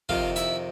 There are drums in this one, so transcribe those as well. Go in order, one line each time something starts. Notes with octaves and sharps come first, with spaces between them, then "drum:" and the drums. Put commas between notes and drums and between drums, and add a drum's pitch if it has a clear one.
F2 C3 D#3 F4 F5, drum: kick
E4 E5, drum: hi-hat